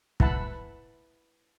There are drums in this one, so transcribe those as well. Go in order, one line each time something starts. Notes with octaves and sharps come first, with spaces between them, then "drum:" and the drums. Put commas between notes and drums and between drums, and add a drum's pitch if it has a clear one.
E4 B4 E5 F#5 A5 B5, drum: kick